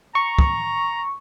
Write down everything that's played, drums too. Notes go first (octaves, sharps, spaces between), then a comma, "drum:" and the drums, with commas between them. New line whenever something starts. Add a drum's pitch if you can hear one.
A#5 C#6
drum: kick